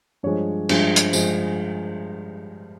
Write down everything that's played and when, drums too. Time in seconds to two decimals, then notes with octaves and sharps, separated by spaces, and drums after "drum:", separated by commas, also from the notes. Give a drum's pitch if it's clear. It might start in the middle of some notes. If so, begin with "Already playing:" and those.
0.23 G2 F3 G#3 C#5
0.69 G2 F3 G#3 C5, drum: cymbal
0.96 drum: hi-hat
1.13 G2 F3 G#3, drum: tambourine